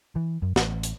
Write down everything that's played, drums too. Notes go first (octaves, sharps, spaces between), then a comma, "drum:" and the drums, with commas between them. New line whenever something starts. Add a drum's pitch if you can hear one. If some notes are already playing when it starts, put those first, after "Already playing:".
E3
F#2
A1, drum: snare
drum: hi-hat